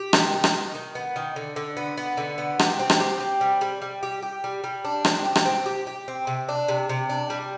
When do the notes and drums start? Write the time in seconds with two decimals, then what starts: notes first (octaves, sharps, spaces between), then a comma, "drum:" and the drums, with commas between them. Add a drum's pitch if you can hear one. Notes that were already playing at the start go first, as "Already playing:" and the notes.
Already playing: G4
0.13 D#3, drum: rim click
0.33 D#3
0.44 drum: rim click
0.53 D#3
0.75 D#3
0.95 B3
1.16 D#3
1.36 D3
1.56 D3
1.77 B3
1.97 B3
2.17 D3
2.38 B3
2.59 G4, drum: rim click
2.79 C4
2.90 drum: rim click
3.00 G4
3.20 C4
3.41 G3
3.61 G3
3.82 G3
4.03 G4
4.23 G4
4.44 G3
4.64 G3
4.85 D4
5.05 C4, drum: rim click
5.25 G4
5.35 drum: rim click
5.46 C4
5.66 G4
5.87 G4
6.08 C4
6.27 C3
6.49 D4
6.68 C3
6.89 C3
7.10 D4
7.30 G3